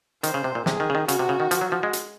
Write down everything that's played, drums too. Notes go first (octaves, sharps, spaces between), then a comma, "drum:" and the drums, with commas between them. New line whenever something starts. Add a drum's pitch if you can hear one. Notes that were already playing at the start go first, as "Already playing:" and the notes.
D#3 C5, drum: hi-hat
C#3
C3
A#2
C3 G#4, drum: snare
D#3
C#3
D#3
C#3 F#4, drum: hi-hat
C3
C#3
D#3
F3, drum: hi-hat
F#3
F3
G#3
drum: hi-hat